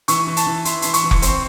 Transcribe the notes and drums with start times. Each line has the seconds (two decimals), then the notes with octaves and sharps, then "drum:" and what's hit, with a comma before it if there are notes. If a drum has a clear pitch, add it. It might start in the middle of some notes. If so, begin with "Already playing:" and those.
0.08 E3 C#6, drum: hi-hat
0.27 E3
0.37 A5, drum: hi-hat
0.47 E3
0.65 E4 C6, drum: hi-hat
0.82 E3 C6, drum: hi-hat
0.94 C#6, drum: hi-hat
1.04 E3
1.11 C#6, drum: kick F1
1.22 C4 C6, drum: hi-hat